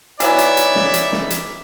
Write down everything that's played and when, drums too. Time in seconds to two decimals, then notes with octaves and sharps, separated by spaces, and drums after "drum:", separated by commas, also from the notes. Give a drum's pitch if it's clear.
0.20 E3 F#3 B3 D#4 C#5 D5 E5, drum: hi-hat
0.38 drum: hi-hat
0.57 drum: hi-hat
0.75 drum: snare
0.94 drum: hi-hat
1.12 drum: snare
1.30 drum: hi-hat